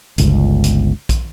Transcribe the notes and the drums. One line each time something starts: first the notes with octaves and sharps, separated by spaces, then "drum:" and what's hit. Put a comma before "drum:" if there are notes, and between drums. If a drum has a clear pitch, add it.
G1 C#2, drum: hi-hat
drum: hi-hat
drum: kick A#1, hi-hat